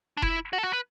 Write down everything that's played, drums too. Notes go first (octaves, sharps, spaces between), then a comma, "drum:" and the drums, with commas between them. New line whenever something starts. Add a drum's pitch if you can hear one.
D4
E4, drum: kick F1
F#4
A4
F#4
B4